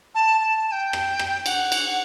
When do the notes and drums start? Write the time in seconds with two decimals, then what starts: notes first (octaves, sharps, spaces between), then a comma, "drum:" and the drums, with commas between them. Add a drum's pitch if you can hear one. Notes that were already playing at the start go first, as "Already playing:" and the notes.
0.15 A5
0.41 A5
0.67 A5
0.72 G5
0.93 drum: rim click
1.19 drum: rim click
1.46 F#5, drum: cymbal
1.72 drum: cymbal